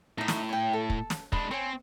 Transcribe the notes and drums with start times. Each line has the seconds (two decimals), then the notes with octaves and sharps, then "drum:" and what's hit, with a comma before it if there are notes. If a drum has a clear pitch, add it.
0.18 A2 D#4 E5
0.28 drum: snare
0.49 C#5 G5
0.73 A4
0.90 drum: kick
1.10 drum: snare
1.32 G#3 D4 B5, drum: kick
1.51 C4 C#5 G#5